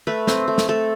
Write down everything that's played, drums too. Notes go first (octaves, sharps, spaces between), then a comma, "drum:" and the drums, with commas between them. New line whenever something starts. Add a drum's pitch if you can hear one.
A3 B4
C4, drum: snare
A3
drum: snare
A3 A4